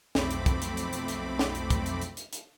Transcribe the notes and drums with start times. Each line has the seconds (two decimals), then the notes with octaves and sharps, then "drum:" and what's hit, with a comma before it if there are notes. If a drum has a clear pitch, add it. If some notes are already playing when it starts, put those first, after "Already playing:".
0.15 B1 F2 A3 C4 B5 D6, drum: snare
0.31 drum: hi-hat
0.46 drum: kick, hi-hat
0.62 drum: hi-hat
0.77 drum: hi-hat
0.93 drum: hi-hat
1.08 drum: hi-hat
1.39 drum: snare
1.55 drum: hi-hat
1.70 drum: kick, hi-hat
1.86 drum: hi-hat
2.02 drum: hi-hat
2.17 drum: hi-hat
2.33 drum: hi-hat